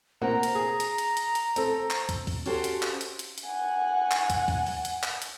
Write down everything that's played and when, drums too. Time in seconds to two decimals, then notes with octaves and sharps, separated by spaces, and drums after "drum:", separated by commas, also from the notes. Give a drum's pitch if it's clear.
0.22 A#3 C4 F#5 A#5
0.43 drum: hi-hat
0.55 G#4
0.80 drum: hi-hat
0.98 drum: hi-hat
1.17 drum: hi-hat
1.35 drum: hi-hat
1.56 C4 A4, drum: hi-hat
1.90 drum: clap
2.09 drum: kick, hi-hat
2.27 drum: kick, open hi-hat
2.46 C#4 F#4 G4 A4 C5, drum: open hi-hat
2.64 drum: hi-hat
2.82 drum: clap
3.01 drum: hi-hat
3.19 drum: hi-hat
3.38 drum: hi-hat
3.47 F#5 G#5
4.11 drum: clap
4.30 drum: kick, hi-hat
4.48 drum: kick, open hi-hat
4.66 drum: open hi-hat
4.85 drum: hi-hat
5.03 drum: clap
5.22 drum: hi-hat